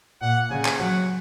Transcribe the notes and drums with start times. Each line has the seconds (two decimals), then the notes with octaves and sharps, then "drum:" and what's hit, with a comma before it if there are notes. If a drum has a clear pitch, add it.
0.22 A#2 F#5
0.51 C#3 G#5
0.65 drum: clap
0.79 F#3 F#5